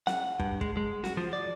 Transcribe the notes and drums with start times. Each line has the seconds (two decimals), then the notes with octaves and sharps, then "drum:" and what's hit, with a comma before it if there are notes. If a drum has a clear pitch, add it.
0.07 F#5, drum: snare
0.40 G2, drum: kick
0.61 G#3, drum: kick
0.77 G#3
1.04 F#4, drum: snare
1.17 F3
1.33 D5